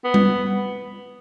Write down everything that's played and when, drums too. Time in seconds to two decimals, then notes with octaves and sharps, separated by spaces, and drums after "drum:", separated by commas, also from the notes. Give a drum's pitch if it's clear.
0.04 B3
0.14 drum: tom G3